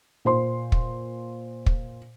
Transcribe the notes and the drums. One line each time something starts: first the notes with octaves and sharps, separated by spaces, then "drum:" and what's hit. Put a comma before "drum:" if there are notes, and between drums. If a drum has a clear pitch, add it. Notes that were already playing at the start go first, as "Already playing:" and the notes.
A#2 C5 C6
drum: kick
drum: kick